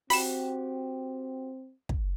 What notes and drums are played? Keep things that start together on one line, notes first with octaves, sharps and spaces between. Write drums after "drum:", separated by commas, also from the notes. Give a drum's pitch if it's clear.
C4 F#4 G4 B5 E7, drum: open hi-hat
drum: kick